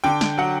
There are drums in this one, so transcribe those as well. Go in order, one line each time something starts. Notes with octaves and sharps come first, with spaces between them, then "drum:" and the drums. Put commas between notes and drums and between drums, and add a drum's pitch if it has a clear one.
D3 G5
drum: snare
F#3 F#5